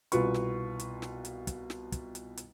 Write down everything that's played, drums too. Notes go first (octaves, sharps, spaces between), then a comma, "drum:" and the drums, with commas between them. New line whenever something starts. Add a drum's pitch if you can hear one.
C2 B2 F4 B4 C#6, drum: hi-hat
drum: snare
drum: hi-hat
drum: snare
drum: hi-hat
drum: kick, hi-hat
drum: snare
drum: kick, hi-hat
drum: hi-hat
drum: hi-hat